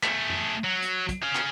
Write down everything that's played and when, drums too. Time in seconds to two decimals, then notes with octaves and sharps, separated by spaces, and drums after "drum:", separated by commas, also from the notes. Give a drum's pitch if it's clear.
0.03 A3 G#4, drum: clap
0.30 drum: tom F2
0.64 F#3
0.82 drum: hi-hat
1.09 drum: kick, hi-hat
1.23 G#4 F5
1.35 drum: clap